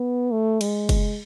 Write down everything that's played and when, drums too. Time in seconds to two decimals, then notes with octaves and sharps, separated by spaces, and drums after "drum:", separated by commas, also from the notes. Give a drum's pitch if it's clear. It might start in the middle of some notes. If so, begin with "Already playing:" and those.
Already playing: B3
0.32 A3
0.61 G#3, drum: cymbal
0.89 drum: kick, cymbal